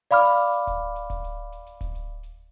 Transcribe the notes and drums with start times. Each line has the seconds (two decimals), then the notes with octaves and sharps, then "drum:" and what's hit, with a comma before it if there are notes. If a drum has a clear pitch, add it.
0.11 D5 F5 B5 D6 F6, drum: hi-hat
0.25 drum: open hi-hat
0.53 drum: hi-hat
0.67 drum: kick D1, hi-hat
0.96 drum: hi-hat
1.10 drum: kick D1, hi-hat
1.24 drum: hi-hat
1.52 drum: hi-hat
1.66 drum: hi-hat
1.81 drum: kick D1, hi-hat
1.95 drum: hi-hat
2.23 drum: hi-hat